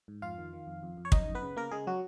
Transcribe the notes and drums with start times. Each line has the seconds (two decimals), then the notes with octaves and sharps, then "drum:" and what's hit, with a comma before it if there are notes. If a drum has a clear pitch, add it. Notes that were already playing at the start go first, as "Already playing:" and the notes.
0.08 G#2
0.22 F2 F4 F5
0.38 D#3
0.53 D#3
0.67 F2
0.83 F2
0.97 F2
1.05 C#5
1.12 F#2 D#4 D#5, drum: kick
1.27 F#2
1.35 B3 B4
1.43 C#3
1.57 C#3 A#3 A#4
1.71 C#3 G#3 G#4
1.87 F#3 F#4